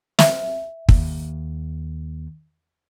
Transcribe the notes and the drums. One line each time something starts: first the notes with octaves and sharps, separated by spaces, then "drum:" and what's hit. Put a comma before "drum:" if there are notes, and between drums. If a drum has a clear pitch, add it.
E5, drum: snare
D#2, drum: kick